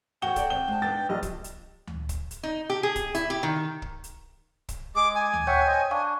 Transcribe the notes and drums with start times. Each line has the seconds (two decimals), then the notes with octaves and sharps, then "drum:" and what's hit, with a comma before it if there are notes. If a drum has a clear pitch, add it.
0.22 F#4 C#5 F#5 G5 G7
0.36 A4 D5, drum: kick, hi-hat
0.50 C4 G7
0.68 G#3 A5
0.82 B3 D4 A6
1.09 A#1 G3 D#5
1.23 drum: kick, hi-hat
1.44 drum: hi-hat
1.87 drum: tom D2
2.09 drum: kick, hi-hat
2.31 drum: hi-hat
2.43 D#4
2.70 G4
2.83 G#4
2.96 drum: kick, hi-hat
3.15 E4, drum: hi-hat
3.30 G4
3.43 D#3
3.82 drum: kick
4.04 drum: hi-hat
4.69 drum: kick, hi-hat
4.95 G#3 G#4 D6
5.15 G#5
5.33 drum: tom D2
5.47 C#5 E5 F#5 G5 C#6 G6
5.66 C5 D#5
5.91 D4 F5 C#6